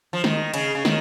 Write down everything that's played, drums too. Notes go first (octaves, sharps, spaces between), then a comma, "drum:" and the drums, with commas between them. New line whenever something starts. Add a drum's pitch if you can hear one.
F3
D#3, drum: snare
C#3, drum: cymbal
C#3
D#3, drum: snare